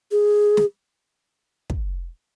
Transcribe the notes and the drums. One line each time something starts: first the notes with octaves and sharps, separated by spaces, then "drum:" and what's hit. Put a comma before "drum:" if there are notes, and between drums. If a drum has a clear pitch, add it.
G#4
drum: snare
drum: kick